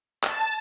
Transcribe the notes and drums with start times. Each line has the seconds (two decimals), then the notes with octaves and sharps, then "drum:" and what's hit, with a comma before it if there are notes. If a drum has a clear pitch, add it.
0.24 A5, drum: clap